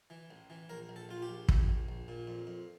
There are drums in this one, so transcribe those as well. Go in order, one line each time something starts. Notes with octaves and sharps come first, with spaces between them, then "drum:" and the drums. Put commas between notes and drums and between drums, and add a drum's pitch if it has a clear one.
E3
A1
E3
A#1 A#4
A#1
A4
A#1 F4
G4
A#1
A#1, drum: kick
A#1
A#1
A#2
F2
F2